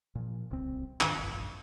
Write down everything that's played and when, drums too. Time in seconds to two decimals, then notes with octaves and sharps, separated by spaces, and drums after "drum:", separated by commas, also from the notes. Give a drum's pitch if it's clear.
0.15 A#2 F3
0.50 D1 C2 C#3 C4
1.01 G#2 D#3 D4, drum: clap
1.16 F1 A#1 G2 A#2